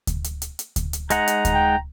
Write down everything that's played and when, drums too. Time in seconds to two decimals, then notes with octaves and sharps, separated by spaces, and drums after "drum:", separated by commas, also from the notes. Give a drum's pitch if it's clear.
0.07 drum: kick D2, hi-hat
0.24 drum: hi-hat
0.42 drum: hi-hat
0.59 drum: hi-hat
0.76 drum: kick D2, hi-hat
0.93 drum: hi-hat
1.10 G#3 D#4 F#5 A#5, drum: hi-hat
1.28 drum: hi-hat
1.45 drum: kick D2, hi-hat
1.54 G5